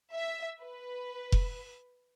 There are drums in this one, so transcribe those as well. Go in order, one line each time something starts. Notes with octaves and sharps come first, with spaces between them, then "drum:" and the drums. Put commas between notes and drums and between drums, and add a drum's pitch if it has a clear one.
E5
B4
drum: kick F1